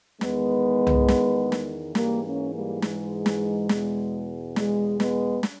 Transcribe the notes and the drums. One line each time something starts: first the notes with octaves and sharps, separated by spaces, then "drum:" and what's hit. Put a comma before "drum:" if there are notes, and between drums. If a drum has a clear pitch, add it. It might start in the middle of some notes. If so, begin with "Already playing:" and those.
E2 D#3 G#3 B3, drum: snare
drum: tom
drum: snare
drum: snare
G#2 E3 G3 A#3, drum: snare
A#3 C#4
G3 A#3
G#3, drum: snare
drum: snare
E2 B2, drum: snare
G#3, drum: snare
G#3 B3, drum: snare
drum: snare